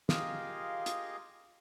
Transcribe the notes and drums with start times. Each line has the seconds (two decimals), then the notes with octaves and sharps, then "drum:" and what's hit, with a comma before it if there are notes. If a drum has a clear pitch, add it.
0.09 F4 G4 G#4 A#4 D#5 F5, drum: snare
0.86 drum: hi-hat